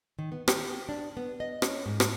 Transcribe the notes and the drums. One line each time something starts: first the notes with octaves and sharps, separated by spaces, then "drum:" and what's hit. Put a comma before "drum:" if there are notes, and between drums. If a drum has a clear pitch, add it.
D#3
B3
G4, drum: rim click
D4
B3
D#5
C#4, drum: rim click
G#2
drum: rim click